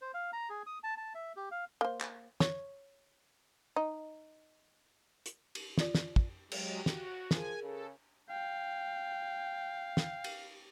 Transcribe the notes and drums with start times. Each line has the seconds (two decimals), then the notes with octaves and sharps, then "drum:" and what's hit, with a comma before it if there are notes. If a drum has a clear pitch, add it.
0.01 C5
0.14 F5
0.33 A#5
0.49 G#4
0.66 D#6
0.83 A5
0.97 A5
1.15 E5
1.36 G4
1.51 F5
1.81 A#3 C5
2.01 drum: clap
2.40 C#5, drum: snare
3.76 D#4 D#5
5.26 drum: hi-hat
5.55 drum: cymbal
5.78 F4 D5, drum: snare
5.95 drum: snare
6.16 drum: kick
6.52 F#3 G#3 G4, drum: cymbal
6.86 F#4, drum: snare
7.31 F3 G#4 A#4 G#5, drum: snare
7.62 C#3 A4
8.29 F5 G5
9.97 drum: snare
10.24 drum: cymbal